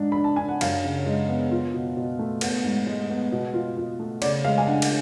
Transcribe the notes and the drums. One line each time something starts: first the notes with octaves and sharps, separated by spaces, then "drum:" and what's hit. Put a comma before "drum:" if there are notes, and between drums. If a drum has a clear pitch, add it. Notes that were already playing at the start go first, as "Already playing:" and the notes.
Already playing: G#2 D4
D4 B5
A5
D4 G#5
F#5
F#2 F5, drum: cymbal
C#3
G#3
B3
F4
B2
B2
A3
B3, drum: cymbal
G#2
G#3
B3
B2
F4
F4
A3
C#3 D5, drum: cymbal
G#3 F5
G#5
D4 F#5
drum: cymbal